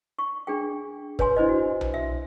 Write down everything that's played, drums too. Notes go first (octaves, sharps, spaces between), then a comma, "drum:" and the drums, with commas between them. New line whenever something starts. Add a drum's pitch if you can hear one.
C#6
D4 G#4 G5
B4 C#5 G#5 C6, drum: kick
D4 E4 C5 D#5
F#4
drum: tom B1
E5